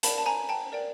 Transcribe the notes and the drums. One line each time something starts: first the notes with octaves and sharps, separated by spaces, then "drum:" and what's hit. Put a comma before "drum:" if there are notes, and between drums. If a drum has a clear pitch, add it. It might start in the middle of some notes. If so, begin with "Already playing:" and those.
A#4 D5 G5 A5 B5, drum: hi-hat
A5
G#5 A#5
G5 A5
A#4 D5 G5